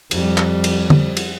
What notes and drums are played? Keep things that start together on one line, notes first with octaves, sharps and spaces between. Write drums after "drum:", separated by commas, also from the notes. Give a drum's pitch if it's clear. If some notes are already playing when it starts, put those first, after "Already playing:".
F2 G3, drum: cymbal
drum: clap
drum: cymbal
drum: tom
drum: cymbal